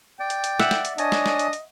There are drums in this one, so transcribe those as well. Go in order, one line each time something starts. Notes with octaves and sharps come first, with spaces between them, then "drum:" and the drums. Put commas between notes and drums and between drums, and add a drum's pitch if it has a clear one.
D5 G5
drum: hi-hat
drum: hi-hat
E5 F#5, drum: snare
drum: snare
drum: hi-hat
D4 C#5 D#5 G#5 A5, drum: hi-hat
drum: snare
drum: snare
drum: hi-hat
drum: hi-hat